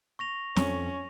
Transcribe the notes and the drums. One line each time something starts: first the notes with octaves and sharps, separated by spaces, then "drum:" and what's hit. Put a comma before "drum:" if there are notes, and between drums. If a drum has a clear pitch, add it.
C#6 A#6 F7
F2 C#4, drum: snare